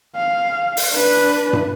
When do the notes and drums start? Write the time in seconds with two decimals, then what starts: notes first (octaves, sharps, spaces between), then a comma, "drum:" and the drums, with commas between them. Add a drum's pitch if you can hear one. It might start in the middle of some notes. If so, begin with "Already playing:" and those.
0.16 F5
0.77 drum: open hi-hat
0.93 D4 B4
1.53 drum: tom